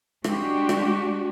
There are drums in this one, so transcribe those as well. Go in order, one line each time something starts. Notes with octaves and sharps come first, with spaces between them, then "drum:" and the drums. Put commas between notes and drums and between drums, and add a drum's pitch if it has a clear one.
G#3 D4 F#4 G4, drum: rim click
drum: rim click